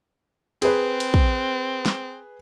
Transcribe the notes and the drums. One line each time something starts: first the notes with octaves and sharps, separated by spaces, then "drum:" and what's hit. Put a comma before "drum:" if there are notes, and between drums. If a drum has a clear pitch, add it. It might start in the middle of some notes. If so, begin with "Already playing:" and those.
C4 G#4 B4, drum: cymbal
drum: cymbal
drum: kick
drum: snare